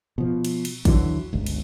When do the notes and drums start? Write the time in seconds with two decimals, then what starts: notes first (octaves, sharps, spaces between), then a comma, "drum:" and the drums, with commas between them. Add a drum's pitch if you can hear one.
0.18 B2 F3
0.45 drum: cymbal
0.65 drum: cymbal
0.85 D#2 D3 E3 F#3, drum: kick, cymbal
1.33 G1 C#2
1.46 drum: cymbal